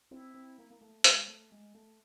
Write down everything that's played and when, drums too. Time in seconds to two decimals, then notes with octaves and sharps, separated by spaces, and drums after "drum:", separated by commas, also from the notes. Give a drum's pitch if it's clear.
0.11 C4 E4
0.34 C4
0.58 A#3
0.70 A#3
0.81 A3
1.04 G#3, drum: hi-hat
1.28 A3
1.52 G#3
1.75 A3